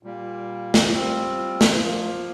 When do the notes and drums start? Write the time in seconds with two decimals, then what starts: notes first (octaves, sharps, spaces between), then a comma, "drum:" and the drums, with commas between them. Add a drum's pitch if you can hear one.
0.03 A#2 G3 A#3
0.74 drum: snare
0.92 G3 C4 F4
1.61 drum: snare
1.80 F3 A#3 F4